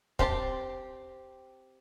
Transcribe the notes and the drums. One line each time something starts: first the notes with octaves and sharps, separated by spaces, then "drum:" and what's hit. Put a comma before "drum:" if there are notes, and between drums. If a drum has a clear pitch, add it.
C4 G4 C5 A5, drum: kick